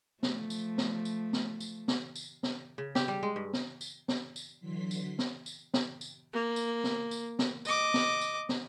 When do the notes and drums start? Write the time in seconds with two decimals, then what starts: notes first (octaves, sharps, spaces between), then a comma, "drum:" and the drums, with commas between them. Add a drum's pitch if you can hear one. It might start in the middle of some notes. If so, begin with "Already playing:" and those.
0.23 F3 A3, drum: snare
0.50 drum: tambourine
0.78 drum: snare
1.05 drum: tambourine
1.33 drum: snare
1.60 drum: tambourine
1.88 drum: snare
2.16 drum: tambourine
2.43 drum: snare
2.78 C#3
2.95 G4, drum: snare
3.08 G3
3.23 G#3
3.36 G2
3.53 drum: snare
3.81 drum: tambourine
4.08 drum: snare
4.36 drum: tambourine
4.59 D3 E3 F#3 C6 B6
4.91 drum: tambourine
5.18 drum: snare
5.46 drum: tambourine
5.74 drum: snare
6.01 drum: tambourine
6.33 A#3
6.56 drum: tambourine
6.84 drum: snare
7.11 drum: tambourine
7.39 drum: snare
7.65 D#5 D6, drum: tambourine
7.94 drum: snare
8.21 drum: tambourine
8.49 drum: snare